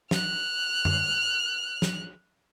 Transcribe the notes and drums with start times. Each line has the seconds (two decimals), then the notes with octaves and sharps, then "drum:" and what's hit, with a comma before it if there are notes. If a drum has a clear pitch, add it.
0.11 F6 F#6, drum: snare
0.85 drum: tom
1.82 drum: snare